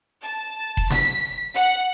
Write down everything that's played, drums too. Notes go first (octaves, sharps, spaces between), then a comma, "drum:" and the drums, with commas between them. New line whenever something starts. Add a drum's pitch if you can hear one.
A5
drum: kick F1
B6, drum: snare
F#5